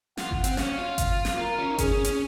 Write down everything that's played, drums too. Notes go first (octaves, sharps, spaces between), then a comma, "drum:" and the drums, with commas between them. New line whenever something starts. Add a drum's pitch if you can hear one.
F4 F#5, drum: snare
drum: kick G1
C4, drum: hi-hat
C#4 F5, drum: snare
F4
F5, drum: kick G1, hi-hat
drum: snare
F4 A#4
C#4
D#4
C#4 G#4, drum: kick G1, hi-hat
C#4
C#4, drum: hi-hat